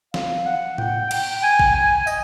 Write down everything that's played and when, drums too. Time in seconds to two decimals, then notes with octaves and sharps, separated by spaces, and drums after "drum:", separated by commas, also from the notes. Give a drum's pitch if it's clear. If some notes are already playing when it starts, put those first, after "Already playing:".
0.14 F5, drum: snare
0.46 F#5
0.78 G5, drum: tom A2
1.11 G5, drum: cymbal
1.43 G#5
1.59 drum: kick A1
1.75 G#5
2.07 D#5, drum: tambourine